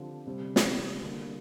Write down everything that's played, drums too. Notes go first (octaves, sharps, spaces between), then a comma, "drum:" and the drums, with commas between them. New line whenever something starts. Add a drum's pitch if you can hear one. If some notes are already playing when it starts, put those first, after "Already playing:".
Already playing: D3 F3 C4 G4
C3 G3 C4
drum: snare
D3 G3 A#3